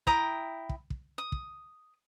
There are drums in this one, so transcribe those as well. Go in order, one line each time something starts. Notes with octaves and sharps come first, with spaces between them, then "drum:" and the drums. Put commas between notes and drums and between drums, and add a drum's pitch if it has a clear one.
E4 G5 A#5 D#6, drum: kick
drum: kick
drum: kick
D#6
drum: kick